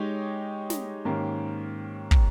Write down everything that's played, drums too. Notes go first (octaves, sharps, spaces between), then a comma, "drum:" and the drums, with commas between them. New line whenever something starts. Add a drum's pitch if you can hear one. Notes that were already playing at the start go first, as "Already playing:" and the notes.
Already playing: G#3 D#4 G4 C#5
drum: snare
G#2 D#3 A#3 C#4 G4
drum: kick